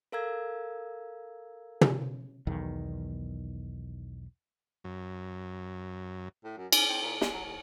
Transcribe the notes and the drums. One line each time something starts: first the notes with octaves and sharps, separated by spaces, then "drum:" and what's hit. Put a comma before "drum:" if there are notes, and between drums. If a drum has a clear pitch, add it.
A4 A#4 F5 A#5 E6 G#6
drum: tom
B1 E2 D#3
F#2
A2
F#2
C#4, drum: cymbal
C4
A#2
G#3, drum: snare
F#3
D#2